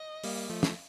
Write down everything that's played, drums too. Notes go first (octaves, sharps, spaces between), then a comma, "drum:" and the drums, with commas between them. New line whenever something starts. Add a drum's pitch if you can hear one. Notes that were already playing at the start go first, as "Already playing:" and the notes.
Already playing: D#5
G3 A#3, drum: open hi-hat
F3 A3
drum: snare